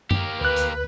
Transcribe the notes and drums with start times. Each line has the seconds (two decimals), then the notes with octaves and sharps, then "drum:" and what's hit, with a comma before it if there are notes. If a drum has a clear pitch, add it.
0.11 A#3 G4, drum: tom F#2
0.41 D2 B4 F#6
0.56 drum: hi-hat